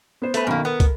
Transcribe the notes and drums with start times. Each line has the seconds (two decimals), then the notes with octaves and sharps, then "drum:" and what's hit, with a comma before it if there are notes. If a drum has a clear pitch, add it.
0.22 B3 C5
0.34 A3 B4, drum: hi-hat
0.47 F#2 B2 D#3 A#3
0.65 B3 A#4
0.80 drum: kick, hi-hat